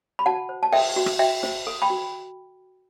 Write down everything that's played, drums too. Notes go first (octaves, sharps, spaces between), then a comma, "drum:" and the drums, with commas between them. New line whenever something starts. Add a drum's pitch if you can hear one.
B5
F#4 F#5 A5
C5
A5
A4 E5 G5, drum: cymbal
F#4
drum: rim click
F#4 E5 G5
C5, drum: snare
A4
G5 B5
F#4